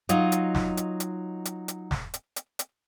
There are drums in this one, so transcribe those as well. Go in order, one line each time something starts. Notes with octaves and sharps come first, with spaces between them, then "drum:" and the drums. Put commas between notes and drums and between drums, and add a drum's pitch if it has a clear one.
F#3 D#4 F4 D#5, drum: hi-hat
drum: hi-hat
drum: snare
drum: hi-hat
drum: hi-hat
drum: hi-hat
drum: hi-hat
drum: snare
drum: hi-hat
drum: hi-hat
drum: hi-hat